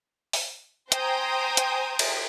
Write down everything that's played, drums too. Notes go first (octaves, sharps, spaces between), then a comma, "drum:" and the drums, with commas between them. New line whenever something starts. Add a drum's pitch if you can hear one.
drum: open hi-hat
C5 G5 G#5 A#5 D#6, drum: hi-hat
drum: hi-hat
drum: cymbal